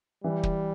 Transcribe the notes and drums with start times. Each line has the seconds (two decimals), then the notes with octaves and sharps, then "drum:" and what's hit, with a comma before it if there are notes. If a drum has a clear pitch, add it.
0.24 E3 G3
0.43 drum: kick